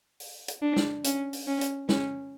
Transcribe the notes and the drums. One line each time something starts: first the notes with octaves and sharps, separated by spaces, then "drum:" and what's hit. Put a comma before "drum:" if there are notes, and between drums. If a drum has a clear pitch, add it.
drum: open hi-hat
drum: hi-hat
D4
drum: snare
C#4, drum: hi-hat
drum: open hi-hat
C#4
drum: hi-hat
C#4, drum: snare